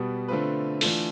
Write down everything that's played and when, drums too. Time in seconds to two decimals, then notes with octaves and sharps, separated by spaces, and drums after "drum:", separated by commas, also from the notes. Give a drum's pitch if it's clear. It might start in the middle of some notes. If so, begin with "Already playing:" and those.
Already playing: B2 G3 B3
0.28 D3 A3 C4 F4 B4
0.81 E3 A3 D4 F4 A4, drum: open hi-hat